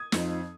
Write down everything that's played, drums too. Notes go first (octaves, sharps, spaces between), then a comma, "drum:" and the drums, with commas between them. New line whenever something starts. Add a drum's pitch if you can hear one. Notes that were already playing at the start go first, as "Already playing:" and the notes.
Already playing: D#6 G#6
F2 F3 C4 D#4, drum: snare